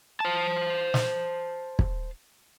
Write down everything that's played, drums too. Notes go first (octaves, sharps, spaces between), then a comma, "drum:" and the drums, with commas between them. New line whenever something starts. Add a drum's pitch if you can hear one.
C5 A5
drum: snare
drum: kick